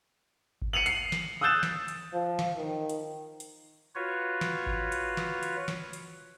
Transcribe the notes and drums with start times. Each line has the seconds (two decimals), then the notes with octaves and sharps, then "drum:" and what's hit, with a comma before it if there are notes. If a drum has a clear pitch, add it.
0.62 drum: kick G#1
0.73 C#7 D#7 F7 F#7
0.86 C7, drum: hi-hat
1.12 drum: snare
1.41 D#6 E6 F#6 G6 A6 E7
1.63 drum: snare
1.88 drum: hi-hat
2.13 F3
2.39 drum: snare
2.57 D#3
2.89 drum: hi-hat
3.40 drum: hi-hat
3.95 F4 F#4 B4 C#5
4.41 drum: snare
4.67 drum: kick G#1
4.92 drum: hi-hat
5.17 drum: snare
5.43 drum: hi-hat
5.68 drum: snare
5.93 drum: hi-hat